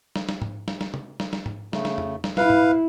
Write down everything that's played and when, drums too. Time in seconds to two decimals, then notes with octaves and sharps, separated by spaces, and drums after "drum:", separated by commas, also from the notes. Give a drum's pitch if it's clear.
0.16 drum: snare
0.29 drum: snare
0.42 drum: tom G#2
0.68 drum: snare
0.81 drum: snare
0.94 drum: tom C3
1.20 drum: snare
1.33 drum: snare
1.46 drum: tom G#2
1.73 C#3 A3, drum: snare
1.85 drum: snare
1.98 drum: tom F2
2.24 drum: snare
2.37 E4 B4 F5, drum: snare
2.50 drum: tom G#2